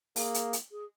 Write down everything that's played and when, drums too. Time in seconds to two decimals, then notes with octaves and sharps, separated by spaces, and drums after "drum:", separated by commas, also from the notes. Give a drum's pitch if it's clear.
0.16 A#3 G#4, drum: open hi-hat
0.34 drum: hi-hat
0.53 drum: hi-hat
0.71 G#4